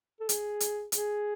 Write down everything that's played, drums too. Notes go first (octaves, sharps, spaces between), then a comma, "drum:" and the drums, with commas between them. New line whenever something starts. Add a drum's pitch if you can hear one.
A4
G#4, drum: hi-hat
drum: hi-hat
G#4, drum: hi-hat